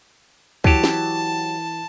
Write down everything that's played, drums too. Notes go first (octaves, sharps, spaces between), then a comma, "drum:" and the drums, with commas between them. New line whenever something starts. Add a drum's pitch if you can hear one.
E3 F#3 G4 A5, drum: kick C#2
drum: snare